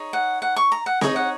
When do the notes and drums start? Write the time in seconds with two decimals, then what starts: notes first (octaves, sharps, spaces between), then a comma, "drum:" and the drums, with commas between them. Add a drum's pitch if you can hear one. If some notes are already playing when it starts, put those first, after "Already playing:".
Already playing: D#4 G#4 C#5
0.13 F#5
0.42 F#5
0.56 C#6
0.72 A#5
0.86 F#5
1.01 D#4 G#4 C#5 D#5, drum: snare C4
1.16 F#5